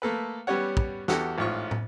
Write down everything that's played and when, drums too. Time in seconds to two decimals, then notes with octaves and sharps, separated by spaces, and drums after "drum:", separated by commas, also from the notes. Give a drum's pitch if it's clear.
0.02 A3 A#3 A4 B4
0.47 G3 B3 C#4 G4 C#5 F#5
0.77 drum: kick
1.08 E2 F#4 G4 A4 F#5, drum: snare
1.38 A1 G#2 F4 C#6
1.71 drum: tom